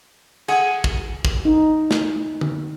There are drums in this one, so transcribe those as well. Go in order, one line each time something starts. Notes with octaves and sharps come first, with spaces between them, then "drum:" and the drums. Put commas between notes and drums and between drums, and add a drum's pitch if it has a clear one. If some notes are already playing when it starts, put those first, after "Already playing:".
G#4 F#5, drum: cymbal
drum: kick
drum: kick
D#4
drum: snare
drum: tom D3